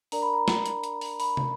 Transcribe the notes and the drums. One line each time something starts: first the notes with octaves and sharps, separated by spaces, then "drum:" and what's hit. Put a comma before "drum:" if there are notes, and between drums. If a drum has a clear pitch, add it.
D4 A#4 D5 A#5, drum: open hi-hat
B5
A#5
drum: snare
drum: hi-hat
drum: hi-hat
drum: open hi-hat
B5, drum: open hi-hat
drum: tom